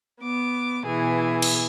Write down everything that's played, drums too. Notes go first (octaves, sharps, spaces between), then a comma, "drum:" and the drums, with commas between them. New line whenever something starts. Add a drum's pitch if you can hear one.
B3 D6
B2 E3 G#4
drum: cymbal